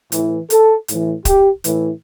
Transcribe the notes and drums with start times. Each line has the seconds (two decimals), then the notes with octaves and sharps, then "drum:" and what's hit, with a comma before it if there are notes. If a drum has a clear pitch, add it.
0.12 A2 E3, drum: hi-hat
0.50 A4, drum: hi-hat
0.88 A2 E3, drum: hi-hat
1.25 G4, drum: kick, hi-hat
1.64 A2 E3, drum: hi-hat